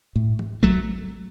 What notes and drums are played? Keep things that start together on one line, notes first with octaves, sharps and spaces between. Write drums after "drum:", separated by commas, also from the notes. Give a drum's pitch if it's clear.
A2
drum: tom
F#3 A3, drum: kick